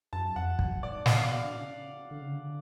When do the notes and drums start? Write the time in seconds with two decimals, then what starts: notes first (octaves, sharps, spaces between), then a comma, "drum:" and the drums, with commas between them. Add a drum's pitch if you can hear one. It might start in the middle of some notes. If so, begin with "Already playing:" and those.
0.13 F#2 A5
0.36 F2 F#5
0.59 F#2, drum: kick
0.83 G#2 D5
1.06 B2 F#5, drum: snare
1.15 F5
1.24 D5
1.32 F5
1.44 D3
1.53 C#3
2.11 D3
2.21 C#3
2.33 D3